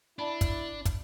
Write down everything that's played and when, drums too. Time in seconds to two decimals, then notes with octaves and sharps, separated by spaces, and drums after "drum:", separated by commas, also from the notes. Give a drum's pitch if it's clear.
0.19 D4 E4 D5 A5 B5
0.41 drum: kick, hi-hat
0.85 drum: kick, hi-hat